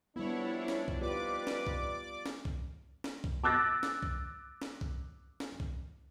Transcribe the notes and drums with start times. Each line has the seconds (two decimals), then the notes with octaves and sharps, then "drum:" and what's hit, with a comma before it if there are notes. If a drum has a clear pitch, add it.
0.16 F2 F3 G3 B3 D4 E4 C#5
0.68 drum: snare
0.88 drum: kick C2
1.01 C4 D#4 F4 G4 B4 D5 D6
1.47 drum: snare
1.67 drum: kick C2
2.26 drum: snare
2.45 drum: kick C2
3.04 drum: snare
3.24 drum: kick C2
3.44 D6 E6 F#6 A6 A#6
3.83 drum: snare
4.03 drum: kick C2
4.62 drum: snare
4.81 drum: kick C2
5.40 drum: snare
5.60 drum: kick C2